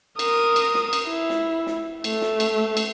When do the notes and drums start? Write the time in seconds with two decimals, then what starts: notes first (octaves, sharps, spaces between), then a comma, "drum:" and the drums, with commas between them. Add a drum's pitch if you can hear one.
0.19 A#4 D#6, drum: cymbal
0.56 drum: cymbal
0.74 drum: snare
0.93 drum: cymbal
1.09 E4
1.30 drum: snare
1.66 drum: snare
2.04 A3, drum: cymbal
2.22 drum: snare
2.40 drum: cymbal
2.77 drum: cymbal